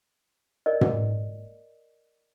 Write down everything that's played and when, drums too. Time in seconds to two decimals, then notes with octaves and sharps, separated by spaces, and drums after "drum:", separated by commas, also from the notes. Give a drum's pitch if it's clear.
0.66 A#4 D5 D#5
0.81 drum: tom